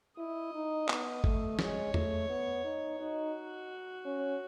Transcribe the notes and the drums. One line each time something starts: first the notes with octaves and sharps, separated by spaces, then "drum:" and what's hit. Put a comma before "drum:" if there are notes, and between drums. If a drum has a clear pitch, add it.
E4 D#5
D#4
B3, drum: clap
A3, drum: kick G#1
G#3 C#5, drum: snare
A3, drum: tom E2
B3
D#4
D#4 F#4
C#4